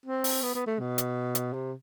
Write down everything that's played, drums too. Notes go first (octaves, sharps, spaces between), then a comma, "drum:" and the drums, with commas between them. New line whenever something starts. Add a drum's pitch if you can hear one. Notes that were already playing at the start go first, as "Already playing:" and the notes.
C4
drum: open hi-hat
B3
B3
A3
B2
drum: hi-hat
drum: hi-hat
C3